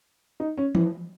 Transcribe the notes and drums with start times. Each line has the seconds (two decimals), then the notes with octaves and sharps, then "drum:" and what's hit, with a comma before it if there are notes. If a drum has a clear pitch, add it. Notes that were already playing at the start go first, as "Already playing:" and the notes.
0.40 D#4
0.58 C#4
0.75 E3, drum: tom E3